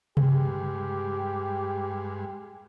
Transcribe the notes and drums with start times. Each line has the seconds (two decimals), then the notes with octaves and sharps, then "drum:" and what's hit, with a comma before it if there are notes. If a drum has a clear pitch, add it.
0.17 G2 G#3 G4, drum: tom C3